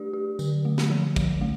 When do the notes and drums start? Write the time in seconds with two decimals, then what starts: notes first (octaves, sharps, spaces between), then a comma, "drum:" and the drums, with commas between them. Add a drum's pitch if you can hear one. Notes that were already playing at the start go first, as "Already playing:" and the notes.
Already playing: A3 D4 G4 D5
0.13 G4
0.39 D3, drum: tambourine
0.65 A3
0.78 drum: snare
0.90 F3
1.16 F3, drum: kick, tambourine
1.41 A3